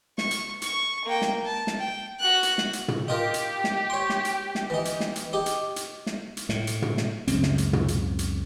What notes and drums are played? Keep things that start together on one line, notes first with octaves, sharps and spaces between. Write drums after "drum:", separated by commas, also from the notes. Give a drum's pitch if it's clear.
C#6, drum: snare
drum: hi-hat
C#6, drum: hi-hat
A#3 G5
drum: snare
A5
drum: snare
G5
F#4 F#6
drum: hi-hat
drum: snare
drum: hi-hat
drum: tom
D#4 F4 G4 A#4
drum: hi-hat
drum: snare
C#5 C6
drum: snare
drum: hi-hat
drum: snare
E3 D#4
drum: hi-hat
drum: snare
drum: hi-hat
D#4 G4
drum: hi-hat
drum: hi-hat
drum: snare
drum: hi-hat
A2, drum: snare
drum: hi-hat
drum: tom
drum: snare
C#2 F#2 C#3 C4, drum: hi-hat
drum: snare
drum: hi-hat
drum: tom
drum: hi-hat
drum: hi-hat